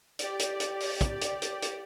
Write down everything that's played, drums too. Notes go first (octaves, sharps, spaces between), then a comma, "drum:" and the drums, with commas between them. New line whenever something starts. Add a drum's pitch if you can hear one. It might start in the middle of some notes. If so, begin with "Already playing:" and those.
G4 D5, drum: hi-hat
drum: hi-hat
drum: hi-hat
drum: open hi-hat
drum: kick, hi-hat
drum: hi-hat
drum: hi-hat
drum: hi-hat